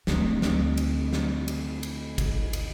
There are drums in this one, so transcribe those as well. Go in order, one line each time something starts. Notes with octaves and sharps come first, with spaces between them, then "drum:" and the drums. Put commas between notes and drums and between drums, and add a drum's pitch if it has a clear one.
D2 C4, drum: snare
drum: snare
drum: cymbal
drum: snare
drum: cymbal
drum: cymbal
drum: kick, cymbal
drum: cymbal